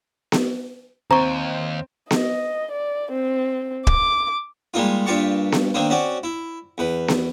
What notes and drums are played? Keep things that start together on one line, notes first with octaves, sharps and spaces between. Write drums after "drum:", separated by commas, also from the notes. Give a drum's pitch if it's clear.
drum: snare B3
D#2 C4 A#5 C#6
D#5, drum: snare B3
D5
C4
D6, drum: kick
G3 G#3 A#3 D#4 F4
G2 A#2 F4 G4 A5 C#6
drum: snare B3
D#3 A#3 C4 D4
C4 C#4 F#4 D5
E4
E2 B4
drum: snare B3